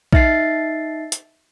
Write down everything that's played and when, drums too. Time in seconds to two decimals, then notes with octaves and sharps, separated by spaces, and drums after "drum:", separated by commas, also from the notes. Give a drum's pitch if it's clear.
0.13 D#4 E5 A6 C7, drum: kick A#1
1.12 drum: hi-hat